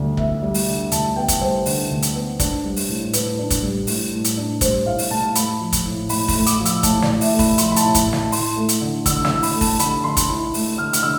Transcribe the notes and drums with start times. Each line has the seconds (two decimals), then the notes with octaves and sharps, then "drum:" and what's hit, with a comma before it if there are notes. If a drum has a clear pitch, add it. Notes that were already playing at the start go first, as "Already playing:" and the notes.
Already playing: D2 D3 G3
0.17 B3 E5, drum: kick
0.42 G3
0.54 drum: open hi-hat
0.67 D3
0.92 D2 A5, drum: hi-hat
1.16 B3 G5
1.28 drum: kick, hi-hat
1.41 G3 C5
1.66 D3, drum: open hi-hat
1.90 D2
2.02 drum: hi-hat
2.15 B3
2.40 D4, drum: kick, hi-hat
2.64 G3
2.76 drum: open hi-hat
2.89 A2
3.13 A2 B4, drum: hi-hat
3.39 D4
3.50 drum: kick, hi-hat
3.62 G3
3.87 A2, drum: open hi-hat
4.12 A2
4.24 drum: hi-hat
4.37 D4
4.61 G3 C5, drum: kick, hi-hat
4.86 A2 F5
4.98 drum: open hi-hat
5.11 A2 A5
5.35 A3 B5, drum: hi-hat
5.60 F3
5.73 drum: kick, hi-hat
5.85 A2
6.09 A2 B5, drum: open hi-hat
6.28 B5, drum: kick, open hi-hat
6.34 A3
6.46 D6, drum: hi-hat
6.59 F3
6.65 E6, drum: hi-hat
6.83 A2 A5, drum: kick, hi-hat
7.02 D5, drum: snare
7.08 A2
7.21 E5, drum: open hi-hat
7.33 A3
7.39 B5, drum: kick, open hi-hat
7.58 F3 C6, drum: hi-hat
7.72 B5
7.76 A5, drum: hi-hat
7.83 A2
7.95 drum: kick, hi-hat
8.07 A2
8.13 A5, drum: snare
8.32 E4 C6, drum: open hi-hat
8.56 A3
8.69 drum: hi-hat
8.81 D3
9.06 D3 E6, drum: kick, hi-hat
9.25 E6, drum: snare
9.31 E4
9.43 B5, drum: open hi-hat
9.55 A3
9.61 A5, drum: kick, open hi-hat
9.79 D3 B5, drum: hi-hat
10.04 D3 C6
10.17 drum: kick, hi-hat
10.29 E4 B5
10.54 A3, drum: open hi-hat
10.78 D3 F6
10.93 F6, drum: hi-hat
11.03 D3 E6